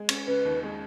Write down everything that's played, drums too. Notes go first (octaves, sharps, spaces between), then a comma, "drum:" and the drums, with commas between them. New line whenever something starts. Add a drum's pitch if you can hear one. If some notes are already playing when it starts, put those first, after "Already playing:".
Already playing: G#3
C#4, drum: cymbal
C#3 B4
D#2
G#3